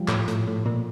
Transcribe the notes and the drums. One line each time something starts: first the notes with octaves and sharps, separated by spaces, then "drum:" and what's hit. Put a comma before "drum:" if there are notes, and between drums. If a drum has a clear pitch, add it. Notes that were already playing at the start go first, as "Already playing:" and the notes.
Already playing: F3 G3
A2, drum: clap
A2, drum: hi-hat
A2
A#2